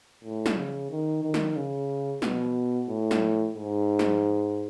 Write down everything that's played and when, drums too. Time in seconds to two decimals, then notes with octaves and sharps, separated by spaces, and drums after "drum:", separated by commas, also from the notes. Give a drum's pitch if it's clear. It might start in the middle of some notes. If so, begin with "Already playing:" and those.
0.24 A2
0.46 drum: snare
0.56 C#3
0.90 D#3
1.23 D#3
1.34 drum: snare
1.56 C#3
2.22 B2, drum: snare
2.89 A2
3.11 drum: snare
3.55 G#2
3.99 drum: snare